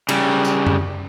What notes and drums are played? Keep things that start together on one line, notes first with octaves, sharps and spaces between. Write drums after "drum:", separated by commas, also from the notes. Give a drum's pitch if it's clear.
C#3 G3, drum: cymbal
drum: tambourine
drum: tom F#2